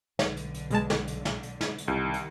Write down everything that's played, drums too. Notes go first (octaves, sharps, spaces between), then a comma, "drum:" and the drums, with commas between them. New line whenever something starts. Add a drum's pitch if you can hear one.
B1 D3, drum: snare
drum: hi-hat
drum: hi-hat
B2 G#3 A5, drum: hi-hat
drum: snare
drum: hi-hat
drum: snare
drum: hi-hat
drum: snare
drum: hi-hat
C2 D#3
drum: hi-hat